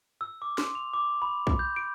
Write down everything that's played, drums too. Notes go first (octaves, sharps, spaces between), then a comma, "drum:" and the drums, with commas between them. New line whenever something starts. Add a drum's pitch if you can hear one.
E6
D6
C6, drum: snare
F7
D6
B5
drum: kick B1
G6
D7